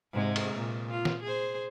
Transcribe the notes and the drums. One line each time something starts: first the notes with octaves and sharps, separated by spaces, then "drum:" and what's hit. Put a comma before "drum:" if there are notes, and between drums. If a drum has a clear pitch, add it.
G#2 C3 G#3
drum: cymbal
A#2
F4
drum: snare
G#4 C5